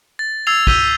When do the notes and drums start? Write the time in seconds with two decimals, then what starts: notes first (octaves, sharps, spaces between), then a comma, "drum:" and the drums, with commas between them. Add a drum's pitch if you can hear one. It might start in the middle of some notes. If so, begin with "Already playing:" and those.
0.19 A6
0.47 E6 G#6 A6 C7 F7
0.67 E6 G6 B6 D#7 G7, drum: kick